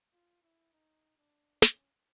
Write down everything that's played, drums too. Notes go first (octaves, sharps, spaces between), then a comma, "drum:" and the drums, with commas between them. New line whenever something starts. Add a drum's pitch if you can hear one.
F4
E4
D#4
D4
C#4, drum: snare